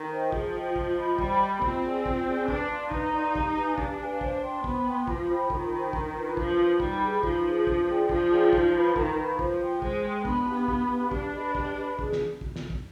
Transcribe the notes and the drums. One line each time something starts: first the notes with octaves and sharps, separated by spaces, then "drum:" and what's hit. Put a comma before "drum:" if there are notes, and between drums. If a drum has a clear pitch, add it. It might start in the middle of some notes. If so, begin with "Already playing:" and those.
Already playing: D#3
C5 D#5 G5
F3 G#4, drum: kick
C5 D#5 G5
C5, drum: kick
D#5 B5
G3 C5, drum: kick
D#5 B5
C4 F4, drum: kick
G#4 D5 G#5
F4, drum: kick
G#4 D5 G#5
D4 B4, drum: kick
D5 F5 C6
D#4 B4, drum: kick
D5 F5 C6
G4, drum: kick
B4 F5 G#5
D4 G4, drum: kick
B4 F5 G#5
C5, drum: kick
G5 C6
B3 C5, drum: kick
G5 C6
F3 F4, drum: kick
C5 G5 B5
D#3 F4, drum: kick
C5 G5 B5
D4, drum: kick
F4 B4
F3 D4, drum: kick
F4 B4
G3 D#4, drum: kick
G#4 B4
F3 D#4, drum: kick
G#4 B4
D4, drum: kick
G#4 D5 G5
F3 D4, drum: kick
G#4 D5 G5
D#4, drum: kick
B4 F5 B5
D#3 D#4, drum: kick
B4 F5 B5
F3 C5, drum: kick
G5 C6
G#3 C5, drum: kick
G5 C6
B3 D4, drum: kick
G4 B4 F5
D4, drum: kick
G4 B4 F5
D4 G4, drum: kick
B4 D#5 B5
G4, drum: kick
B4 D#5 B5
G#4, drum: kick
drum: snare
drum: kick
drum: snare
drum: kick